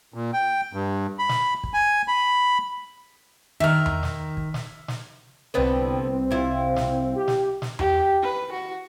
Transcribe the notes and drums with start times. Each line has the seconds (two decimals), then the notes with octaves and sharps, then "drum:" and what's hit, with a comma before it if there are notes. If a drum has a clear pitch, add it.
0.14 A#2
0.33 G5
0.73 G2
1.19 B5
1.29 drum: snare
1.63 drum: kick
1.73 G#5
2.08 B5
3.60 D#3 A#4 E5 F6
3.86 drum: tom E2
4.03 drum: snare
4.37 drum: kick
4.54 drum: snare
4.88 drum: snare
5.54 C2 D3 B3 C4 B4
6.31 C3 E4 F4
6.76 drum: snare
7.16 G4
7.28 drum: snare
7.62 drum: snare
7.79 G4, drum: tom E2
8.23 B4
8.52 F#4